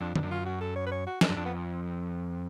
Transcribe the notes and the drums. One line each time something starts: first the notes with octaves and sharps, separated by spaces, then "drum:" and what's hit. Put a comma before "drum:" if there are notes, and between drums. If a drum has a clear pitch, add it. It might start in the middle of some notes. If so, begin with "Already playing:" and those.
F2 D4
F2 D4, drum: tom
F#2
F4
F#4
A4
C#5
B4
C#5
F#4
D4, drum: snare
F#2
F2 D4
B3